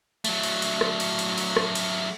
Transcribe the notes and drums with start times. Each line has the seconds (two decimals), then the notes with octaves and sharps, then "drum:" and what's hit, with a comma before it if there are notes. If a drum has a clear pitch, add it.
0.25 F#3 A3, drum: cymbal
0.43 drum: cymbal
0.62 drum: cymbal
0.81 drum: rim click
1.00 drum: cymbal
1.19 drum: cymbal
1.38 drum: cymbal
1.57 drum: rim click
1.75 drum: cymbal